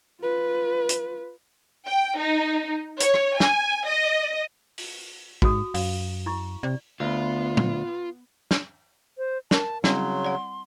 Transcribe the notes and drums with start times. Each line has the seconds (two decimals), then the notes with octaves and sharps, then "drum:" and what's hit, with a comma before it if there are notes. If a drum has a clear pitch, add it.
0.21 F4 B4
0.89 drum: hi-hat
1.87 G5
2.18 D#4
3.00 C#5, drum: hi-hat
3.14 drum: rim click
3.40 G#5, drum: snare
3.87 D#5
4.78 drum: open hi-hat
5.42 G#2 F#4 D#6, drum: kick
5.74 F#2 F5, drum: open hi-hat
6.26 E4 C#6
6.63 C3 D5
7.00 D2 B3 F4
7.57 drum: tom
8.51 drum: snare
9.18 C5
9.51 A#4 A5, drum: snare
9.84 C#3 F#3 G3 C4 E4 C6, drum: snare
10.24 D5 F#5